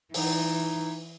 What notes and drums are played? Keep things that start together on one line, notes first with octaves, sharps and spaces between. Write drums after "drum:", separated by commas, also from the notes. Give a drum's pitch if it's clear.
E3 D#4, drum: open hi-hat